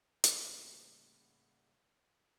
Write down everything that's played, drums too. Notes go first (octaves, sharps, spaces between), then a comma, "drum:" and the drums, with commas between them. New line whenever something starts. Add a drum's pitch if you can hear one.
A2 C#3 G3 A#3 F#5 B5, drum: hi-hat